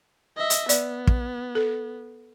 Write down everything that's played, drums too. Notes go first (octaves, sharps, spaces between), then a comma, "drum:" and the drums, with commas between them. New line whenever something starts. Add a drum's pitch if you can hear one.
D#5 E5
drum: hi-hat
B3 D5, drum: hi-hat
drum: kick
A4